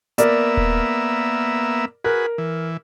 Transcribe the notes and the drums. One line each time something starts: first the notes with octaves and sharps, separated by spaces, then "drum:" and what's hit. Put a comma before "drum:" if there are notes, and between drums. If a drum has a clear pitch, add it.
A#3 B3 A#4 D5 E5, drum: hi-hat
drum: kick D#1
F#4 G#4 A#4 B4
E3